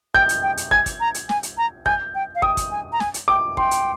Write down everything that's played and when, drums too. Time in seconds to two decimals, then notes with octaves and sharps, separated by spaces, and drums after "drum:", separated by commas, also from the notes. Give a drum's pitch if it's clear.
0.14 G5 G6, drum: kick
0.29 drum: hi-hat
0.43 G5
0.57 drum: hi-hat
0.71 G#5 G#6, drum: kick
0.86 drum: kick, hi-hat
1.00 A#5
1.14 drum: hi-hat
1.29 G#5, drum: snare
1.43 drum: hi-hat
1.58 A#5
1.86 G#5 G6, drum: kick
2.15 G5
2.35 F5
2.42 G5 D#6, drum: kick
2.57 drum: kick, hi-hat
2.71 G#5
2.92 A#5
3.00 G#5, drum: snare
3.14 drum: hi-hat
3.28 G5 D6
3.57 G5 C6, drum: kick
3.71 drum: hi-hat